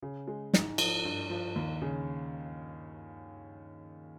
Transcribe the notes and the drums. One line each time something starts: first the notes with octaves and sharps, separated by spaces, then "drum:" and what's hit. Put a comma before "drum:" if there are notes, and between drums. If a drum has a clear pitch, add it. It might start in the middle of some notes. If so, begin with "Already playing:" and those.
C#3
G#3
G#2, drum: snare
F3, drum: cymbal
G2
F3
D#2
C#3